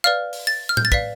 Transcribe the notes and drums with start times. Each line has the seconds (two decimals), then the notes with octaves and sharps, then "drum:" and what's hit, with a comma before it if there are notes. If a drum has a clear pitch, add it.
0.04 B4 D5 F5 F6
0.33 drum: open hi-hat
0.47 A6
0.69 F6
0.77 G6, drum: tom A2
0.85 A6
0.92 B4 D5 F5 B6, drum: kick